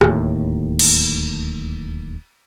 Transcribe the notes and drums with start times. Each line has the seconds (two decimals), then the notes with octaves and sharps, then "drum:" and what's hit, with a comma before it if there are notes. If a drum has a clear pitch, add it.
0.01 D1 D#2 A2, drum: rim click
0.79 drum: cymbal